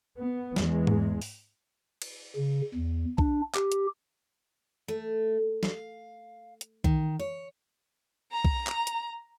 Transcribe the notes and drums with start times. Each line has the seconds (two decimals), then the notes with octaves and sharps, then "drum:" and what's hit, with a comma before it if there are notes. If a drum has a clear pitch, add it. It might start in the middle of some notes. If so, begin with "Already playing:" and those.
0.19 B3
0.56 E2 G#3, drum: snare
0.87 drum: tom G#2
1.22 drum: open hi-hat
2.02 drum: cymbal
2.36 C#3
2.74 E2
3.18 D4, drum: kick B1
3.55 G4, drum: clap
3.72 drum: hi-hat
4.88 A3
5.63 F5, drum: snare
6.61 drum: hi-hat
6.84 D#3, drum: kick B1
7.19 C#5
8.32 A#5
8.45 drum: kick B1
8.67 drum: clap
8.87 drum: hi-hat